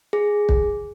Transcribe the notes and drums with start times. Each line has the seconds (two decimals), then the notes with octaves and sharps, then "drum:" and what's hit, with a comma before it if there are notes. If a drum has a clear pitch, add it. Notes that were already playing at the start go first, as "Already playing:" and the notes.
0.13 G#4
0.49 drum: kick